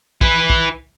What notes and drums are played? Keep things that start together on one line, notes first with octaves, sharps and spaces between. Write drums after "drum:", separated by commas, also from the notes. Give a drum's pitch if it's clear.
E4 B4, drum: kick
drum: kick